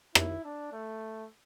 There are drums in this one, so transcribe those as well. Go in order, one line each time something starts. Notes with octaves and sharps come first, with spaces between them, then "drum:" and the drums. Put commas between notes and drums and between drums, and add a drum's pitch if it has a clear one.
E4, drum: rim click
D4
A3